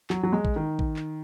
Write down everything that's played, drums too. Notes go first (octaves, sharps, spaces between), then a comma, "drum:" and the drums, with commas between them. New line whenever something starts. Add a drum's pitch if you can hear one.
F#3, drum: clap
F#3
G#3
drum: kick
D#3
drum: kick
drum: clap